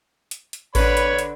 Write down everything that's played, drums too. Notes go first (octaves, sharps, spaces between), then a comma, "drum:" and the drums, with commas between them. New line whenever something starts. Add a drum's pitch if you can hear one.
drum: hi-hat
drum: hi-hat
D3 B4 C#5 B5, drum: kick A1, open hi-hat
drum: hi-hat
drum: hi-hat